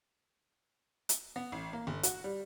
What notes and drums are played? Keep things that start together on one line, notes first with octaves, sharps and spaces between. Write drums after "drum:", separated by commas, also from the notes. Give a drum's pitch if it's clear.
drum: hi-hat
B3
A1
A#3
G1
F#4, drum: hi-hat
G3